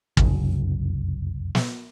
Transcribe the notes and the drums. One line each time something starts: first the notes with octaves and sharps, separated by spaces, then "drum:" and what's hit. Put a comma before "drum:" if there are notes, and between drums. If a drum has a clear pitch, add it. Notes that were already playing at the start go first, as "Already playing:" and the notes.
F1 C2 F#2 C#3, drum: kick
drum: snare